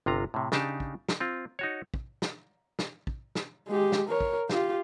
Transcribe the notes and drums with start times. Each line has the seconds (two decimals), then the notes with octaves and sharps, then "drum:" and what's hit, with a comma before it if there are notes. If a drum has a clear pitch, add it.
0.06 G1 C3 F4 A#5
0.34 A2 C3
0.52 C#3 D4 D#4 G4 A5, drum: snare
0.80 drum: kick
1.09 drum: snare
1.20 C4 F4
1.59 D#4 F#4 C#5
1.94 drum: kick
2.22 drum: snare
2.79 drum: snare
3.07 drum: kick
3.35 drum: snare
3.68 G#3 G4
3.92 drum: snare
4.09 A#4 C#5
4.20 drum: kick
4.50 F4 G4, drum: snare